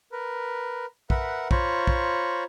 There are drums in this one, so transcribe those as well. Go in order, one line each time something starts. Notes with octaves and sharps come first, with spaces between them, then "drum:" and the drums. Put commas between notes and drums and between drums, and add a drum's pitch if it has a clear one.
A#4 B4
A#4 B4 E5 F#5, drum: kick
F4 C5 C#5 A#5 B5 C#6, drum: kick
drum: kick